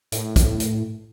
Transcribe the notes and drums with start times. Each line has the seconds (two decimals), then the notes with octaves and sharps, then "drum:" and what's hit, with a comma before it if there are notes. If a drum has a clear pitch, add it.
0.12 A2, drum: hi-hat
0.36 drum: kick, hi-hat
0.60 drum: hi-hat